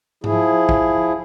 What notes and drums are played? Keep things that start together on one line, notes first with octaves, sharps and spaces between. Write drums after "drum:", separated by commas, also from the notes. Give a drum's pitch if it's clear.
F3 E4 G#4, drum: tom G#2
drum: kick